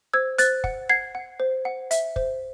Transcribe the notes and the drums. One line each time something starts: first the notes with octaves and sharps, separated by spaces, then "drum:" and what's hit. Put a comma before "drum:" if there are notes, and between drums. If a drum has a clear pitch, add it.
C5 E6 G#6
C5 F#6 A6, drum: hi-hat
F#5, drum: kick
F#5 G#6 C7
F#5
C5
F#5
E5, drum: hi-hat
C5, drum: kick